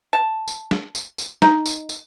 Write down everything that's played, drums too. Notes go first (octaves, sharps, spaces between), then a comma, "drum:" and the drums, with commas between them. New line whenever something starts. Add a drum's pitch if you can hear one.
A5
drum: tambourine
drum: snare
drum: tambourine
drum: tambourine
D#4, drum: snare
drum: tambourine
drum: tambourine